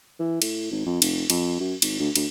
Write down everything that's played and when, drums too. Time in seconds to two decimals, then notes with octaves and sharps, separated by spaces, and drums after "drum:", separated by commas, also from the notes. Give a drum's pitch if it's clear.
0.19 E3
0.42 A2, drum: cymbal
0.71 G#1
0.86 F2
1.02 F1, drum: cymbal
1.30 F2, drum: cymbal
1.60 F#2
1.82 G#1, drum: cymbal
1.99 D2
2.16 D2, drum: cymbal